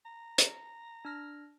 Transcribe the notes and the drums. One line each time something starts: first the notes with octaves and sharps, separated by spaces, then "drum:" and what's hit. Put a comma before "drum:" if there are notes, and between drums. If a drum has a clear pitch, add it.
A#5
drum: hi-hat
D4 F6 A#6